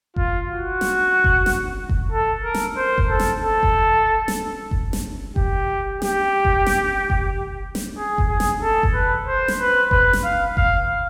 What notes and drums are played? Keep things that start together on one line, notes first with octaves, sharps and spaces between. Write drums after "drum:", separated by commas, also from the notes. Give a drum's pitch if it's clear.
F4, drum: kick F#1
F#4
drum: snare
drum: kick F#1
drum: snare
drum: kick F#1
A4
A#4
drum: snare
C5
drum: kick F#1
A4
drum: snare
A4
drum: kick F#1
drum: snare
drum: kick F#1
drum: snare
G4, drum: kick F#1
G4, drum: snare
drum: kick F#1
drum: snare
drum: kick F#1
drum: snare
G#4
drum: kick F#1
G#4
drum: snare
A4
drum: kick F#1
B4
C5
drum: snare
B4
B4, drum: kick F#1
drum: snare
F5
F5, drum: kick F#1